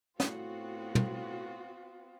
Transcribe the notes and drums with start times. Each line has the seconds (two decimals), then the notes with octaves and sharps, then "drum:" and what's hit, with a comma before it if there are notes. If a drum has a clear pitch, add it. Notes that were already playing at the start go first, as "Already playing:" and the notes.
0.20 A2 B3 C4 F4 F#4, drum: snare
0.95 drum: tom